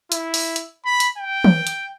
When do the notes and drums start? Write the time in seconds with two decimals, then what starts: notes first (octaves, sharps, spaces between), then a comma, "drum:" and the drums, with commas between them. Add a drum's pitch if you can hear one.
0.12 E4, drum: hi-hat
0.34 drum: open hi-hat
0.56 drum: hi-hat
0.85 B5
1.00 drum: hi-hat
1.18 G5
1.44 drum: tom
1.67 drum: hi-hat